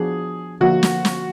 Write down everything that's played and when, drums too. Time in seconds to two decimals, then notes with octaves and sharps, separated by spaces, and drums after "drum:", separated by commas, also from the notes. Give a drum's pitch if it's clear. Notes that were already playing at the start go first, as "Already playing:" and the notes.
Already playing: F3 B3 D4 F#4 G#4
0.61 D3 F3 A#3 F#4
0.83 drum: snare
1.05 drum: snare